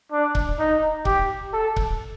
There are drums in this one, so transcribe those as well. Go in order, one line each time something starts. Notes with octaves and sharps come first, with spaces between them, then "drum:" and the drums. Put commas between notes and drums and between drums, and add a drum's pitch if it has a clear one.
D4
drum: kick C#1
D#4
G4, drum: kick C#1
A4
drum: kick C#1